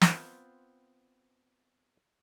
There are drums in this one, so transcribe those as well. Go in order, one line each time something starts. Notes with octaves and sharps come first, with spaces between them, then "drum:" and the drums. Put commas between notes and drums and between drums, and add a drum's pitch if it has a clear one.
B3 C4 F4, drum: snare